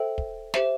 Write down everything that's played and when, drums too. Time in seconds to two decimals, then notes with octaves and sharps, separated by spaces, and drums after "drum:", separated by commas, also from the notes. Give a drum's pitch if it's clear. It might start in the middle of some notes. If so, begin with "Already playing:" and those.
Already playing: A4 C5 E5 G5
0.18 drum: kick
0.54 G4 C5 E5, drum: snare